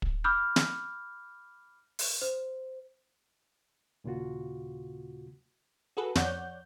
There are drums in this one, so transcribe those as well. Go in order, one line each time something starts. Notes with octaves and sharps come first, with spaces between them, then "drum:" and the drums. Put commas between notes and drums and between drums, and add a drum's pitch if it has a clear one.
drum: kick
B5 D6 E6 F6 G6
drum: snare
drum: open hi-hat
C5
D#2 A#2 C#3 F4 F#4
F#4 G#4 A4 B4
F2 C#5 D5 F#5 G6, drum: snare